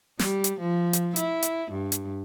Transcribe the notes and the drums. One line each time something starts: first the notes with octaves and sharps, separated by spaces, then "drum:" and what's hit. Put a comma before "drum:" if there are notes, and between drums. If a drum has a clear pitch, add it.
G3, drum: snare
drum: hi-hat
F3
drum: hi-hat
E4, drum: hi-hat
drum: hi-hat
G2
drum: hi-hat